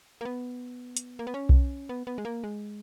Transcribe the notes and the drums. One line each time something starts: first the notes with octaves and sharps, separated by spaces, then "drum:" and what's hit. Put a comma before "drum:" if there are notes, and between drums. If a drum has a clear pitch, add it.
A#3
B3
drum: hi-hat
A#3
B3
C#4
drum: kick B1
B3
B3
G#3
A#3
G#3